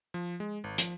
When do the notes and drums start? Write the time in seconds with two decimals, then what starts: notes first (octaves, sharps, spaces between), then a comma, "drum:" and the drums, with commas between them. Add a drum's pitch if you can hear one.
0.14 F3
0.40 G#3
0.64 G#1
0.78 F3, drum: hi-hat